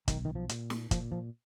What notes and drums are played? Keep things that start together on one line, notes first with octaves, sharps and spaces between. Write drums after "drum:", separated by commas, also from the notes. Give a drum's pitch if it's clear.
B1 D#3, drum: kick G1, hi-hat
D#3
F3
A#2, drum: hi-hat
drum: snare
A#2 F3, drum: kick G1, hi-hat
F3